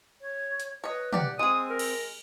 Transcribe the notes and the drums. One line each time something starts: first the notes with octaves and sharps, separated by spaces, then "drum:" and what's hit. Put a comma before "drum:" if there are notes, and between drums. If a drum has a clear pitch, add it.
C#5
drum: hi-hat
B4 C#5 D#5
G4 D5 F#5, drum: tom
G#3 C4 G#4 D#6
A#4
drum: cymbal